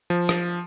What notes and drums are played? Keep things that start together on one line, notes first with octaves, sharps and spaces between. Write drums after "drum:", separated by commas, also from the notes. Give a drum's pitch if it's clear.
F3
drum: rim click